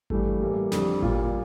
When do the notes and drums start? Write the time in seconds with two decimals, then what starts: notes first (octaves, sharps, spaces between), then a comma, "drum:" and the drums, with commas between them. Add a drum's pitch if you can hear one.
0.10 G2 E3 G3 A3, drum: kick G#1
0.41 A2 E3 G3 A#3
0.72 F2 D3 G3, drum: snare
1.02 A#2 G3 F4, drum: kick G#1